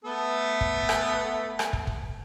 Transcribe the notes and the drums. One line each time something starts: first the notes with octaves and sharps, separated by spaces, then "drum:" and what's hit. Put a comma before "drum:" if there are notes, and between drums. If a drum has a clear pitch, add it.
A3 B3 A4
drum: kick
drum: rim click
drum: rim click
drum: kick
drum: kick